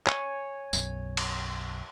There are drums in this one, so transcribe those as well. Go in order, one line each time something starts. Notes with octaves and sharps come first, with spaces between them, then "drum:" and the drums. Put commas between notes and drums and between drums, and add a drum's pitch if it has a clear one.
C#5 G#5 C#6, drum: clap
B1 F#2, drum: tambourine
drum: cymbal